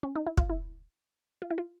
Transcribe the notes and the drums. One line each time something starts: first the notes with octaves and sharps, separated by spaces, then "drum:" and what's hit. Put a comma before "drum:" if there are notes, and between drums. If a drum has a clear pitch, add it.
C#4
D#4
E4
F4, drum: kick
E4
F4
E4
F4